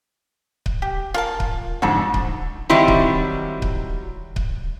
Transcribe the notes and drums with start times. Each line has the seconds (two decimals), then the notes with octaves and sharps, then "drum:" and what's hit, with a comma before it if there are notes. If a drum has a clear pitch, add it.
0.66 drum: kick C#1
0.82 G4
1.14 F4 A#4 A5
1.40 drum: kick C#1
1.82 F2 G#2 D3 F#4 A4
2.14 drum: kick C#1
2.70 D#3 F#3 G3 C4 E4
2.88 drum: kick C#1
3.62 drum: kick C#1
4.36 drum: kick C#1